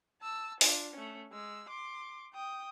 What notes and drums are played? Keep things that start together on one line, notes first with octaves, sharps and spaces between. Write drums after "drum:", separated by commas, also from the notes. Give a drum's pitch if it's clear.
A5 E6
D4 F4, drum: open hi-hat
A3 C#4
G#3 E6
C6 D6
G5 D#6